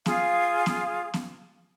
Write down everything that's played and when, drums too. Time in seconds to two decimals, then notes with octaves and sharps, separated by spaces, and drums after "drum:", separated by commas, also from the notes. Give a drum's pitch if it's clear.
0.06 F4 G#4 F5, drum: snare B3
0.66 drum: snare B3
1.14 drum: snare B3